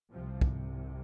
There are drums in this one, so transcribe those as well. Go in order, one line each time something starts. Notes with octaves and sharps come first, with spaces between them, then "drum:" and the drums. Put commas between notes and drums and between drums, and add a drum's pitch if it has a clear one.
C2 C3 F3
drum: kick